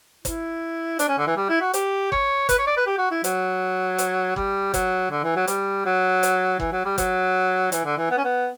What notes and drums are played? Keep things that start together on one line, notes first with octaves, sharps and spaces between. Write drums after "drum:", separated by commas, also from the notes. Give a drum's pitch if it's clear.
E4, drum: kick, hi-hat
D4, drum: hi-hat
C#4
D3
E3
G3
E4
F#4
G4, drum: hi-hat
C#5, drum: kick
B4, drum: kick, hi-hat
C#5
D5
B4
G4
F#4
E4
F#3, drum: hi-hat
drum: hi-hat
G3, drum: kick
F#3, drum: kick, hi-hat
D3
E3
F#3
G3, drum: hi-hat
F#3
drum: hi-hat
E3, drum: kick
F#3
G3
F#3, drum: kick, hi-hat
E3, drum: hi-hat
D3
E3
B3
C#4
B3